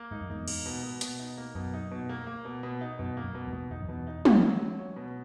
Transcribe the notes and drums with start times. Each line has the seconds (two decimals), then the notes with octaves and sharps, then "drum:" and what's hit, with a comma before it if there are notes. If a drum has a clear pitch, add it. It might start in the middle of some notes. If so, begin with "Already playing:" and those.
Already playing: A#3
0.11 G#2 D#4
0.21 F#2
0.30 E2 G#2 D#4
0.48 A#3, drum: cymbal
0.66 B2
0.83 B2
1.01 B2, drum: hi-hat
1.19 D#4
1.38 A#3
1.55 F#2 B2
1.74 D#4
1.91 B2
2.09 A#3
2.27 A#3
2.45 B2
2.63 B2
2.81 D#4
2.99 F#2 B2
3.17 A#3
3.23 F#2
3.35 B2
3.47 E2 G#2
3.53 B2
3.70 E2 D#4
3.80 F#2
3.88 E2 B2
4.07 D#4
4.25 A#3, drum: tom
4.43 F#3
4.61 F#3
4.79 C#4
4.96 B2